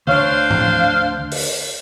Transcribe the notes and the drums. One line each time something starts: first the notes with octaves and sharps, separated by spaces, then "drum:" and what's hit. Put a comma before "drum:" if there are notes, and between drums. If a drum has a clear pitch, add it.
D2 D4 C5 C#5 F5
drum: tom G#2
drum: open hi-hat